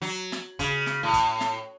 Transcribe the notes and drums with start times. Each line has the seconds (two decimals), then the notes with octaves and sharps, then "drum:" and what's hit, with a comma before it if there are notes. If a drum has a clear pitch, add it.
0.02 F#3
0.32 drum: snare
0.59 C#3, drum: kick, hi-hat
0.86 drum: snare
1.03 A2
1.13 drum: kick, hi-hat
1.41 drum: snare